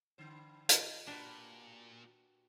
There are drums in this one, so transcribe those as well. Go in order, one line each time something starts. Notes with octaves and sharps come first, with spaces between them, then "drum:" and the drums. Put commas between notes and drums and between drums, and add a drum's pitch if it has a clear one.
G2 D3 C5
F4 D#5, drum: hi-hat
A#2 D4 F#4 G4 B4